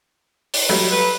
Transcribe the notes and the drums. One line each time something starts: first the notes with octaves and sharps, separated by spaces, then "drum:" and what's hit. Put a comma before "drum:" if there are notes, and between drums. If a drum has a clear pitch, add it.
drum: open hi-hat
F#3 G3 A3
B4